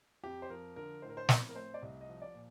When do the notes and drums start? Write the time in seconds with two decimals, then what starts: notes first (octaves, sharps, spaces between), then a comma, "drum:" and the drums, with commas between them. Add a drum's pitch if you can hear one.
0.24 F2 G4
0.42 C5
0.50 F3 A#4
0.76 D3 A#4
1.02 A2 C5
1.09 A#4
1.17 C5
1.29 C4, drum: snare
1.49 A#4
1.55 A3 C5
1.74 D5
1.81 C2 D#5
2.01 D#5
2.09 F3
2.22 D5
2.35 A#2